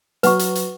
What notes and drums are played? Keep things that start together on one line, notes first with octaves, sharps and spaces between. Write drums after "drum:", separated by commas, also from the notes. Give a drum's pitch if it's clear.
F#3 B4 F#5 C#6, drum: hi-hat
drum: hi-hat
drum: hi-hat